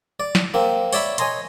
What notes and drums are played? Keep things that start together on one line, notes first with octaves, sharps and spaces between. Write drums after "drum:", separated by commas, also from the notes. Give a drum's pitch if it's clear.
D5
drum: snare
A#3 C4
C#5 D5 E5 B5, drum: open hi-hat
C#5 D#5 G#5 A#5 C6, drum: hi-hat